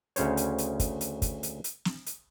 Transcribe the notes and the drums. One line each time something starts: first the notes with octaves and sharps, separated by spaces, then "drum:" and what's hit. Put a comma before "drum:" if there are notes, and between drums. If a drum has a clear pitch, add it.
D2 C#3 C#4 C5 C#5, drum: hi-hat
drum: hi-hat
drum: hi-hat
drum: kick, hi-hat
drum: hi-hat
drum: kick, hi-hat
drum: hi-hat
drum: hi-hat
drum: snare
drum: hi-hat